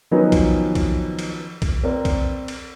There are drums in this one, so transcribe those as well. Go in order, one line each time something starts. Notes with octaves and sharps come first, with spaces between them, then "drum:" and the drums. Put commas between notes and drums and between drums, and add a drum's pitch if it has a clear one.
D#3 F3 F#3 B3 C#4 D#4
drum: kick B1, cymbal
drum: kick B1, cymbal
drum: cymbal
drum: kick B1, cymbal
C4 A#4 B4 D5
drum: kick B1, cymbal
drum: cymbal